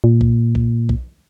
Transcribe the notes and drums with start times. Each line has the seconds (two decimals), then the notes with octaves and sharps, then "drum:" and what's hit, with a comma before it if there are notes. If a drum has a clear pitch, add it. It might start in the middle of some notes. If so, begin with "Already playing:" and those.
0.04 A#2
0.21 drum: kick B1
0.55 drum: kick B1
0.89 drum: kick B1